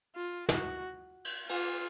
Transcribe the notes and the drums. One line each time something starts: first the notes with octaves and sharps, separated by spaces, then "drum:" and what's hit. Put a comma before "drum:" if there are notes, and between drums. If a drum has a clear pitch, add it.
F4
F#4, drum: snare
drum: cymbal
F4, drum: cymbal